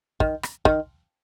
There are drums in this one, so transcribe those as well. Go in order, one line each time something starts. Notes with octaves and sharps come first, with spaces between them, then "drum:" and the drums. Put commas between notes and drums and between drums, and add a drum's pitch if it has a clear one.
D#3, drum: kick
drum: rim click
D#3, drum: kick